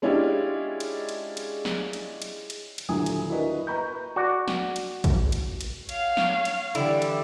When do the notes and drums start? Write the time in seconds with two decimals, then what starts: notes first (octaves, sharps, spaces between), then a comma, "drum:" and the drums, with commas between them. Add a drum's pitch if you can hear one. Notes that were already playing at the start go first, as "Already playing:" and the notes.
0.02 G#3 C#4 D4 E4 F4 G4
0.80 drum: cymbal
1.09 drum: cymbal
1.37 drum: cymbal
1.65 drum: snare
1.93 drum: cymbal
2.22 drum: cymbal
2.50 drum: cymbal
2.78 drum: cymbal
2.89 D#1 D3 F#3 E4 G#5 D#6
3.06 drum: cymbal
3.29 D4 E4 F#4 A#4 B4 D#5
3.67 B4 D#5 A#5 B5 C#6 G6
4.16 F#4 D5 F#5
4.48 drum: snare
4.76 drum: cymbal
5.04 drum: kick, cymbal
5.32 drum: cymbal
5.61 drum: cymbal
5.89 C#5 F5 F#5, drum: cymbal
6.17 drum: snare
6.45 drum: cymbal
6.75 D3 E3 G3 E4, drum: cymbal
7.02 drum: cymbal